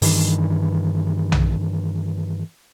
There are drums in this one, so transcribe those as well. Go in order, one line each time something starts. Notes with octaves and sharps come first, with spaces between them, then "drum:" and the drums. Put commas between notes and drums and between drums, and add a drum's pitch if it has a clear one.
G2 D#3 E3, drum: open hi-hat
drum: tom B1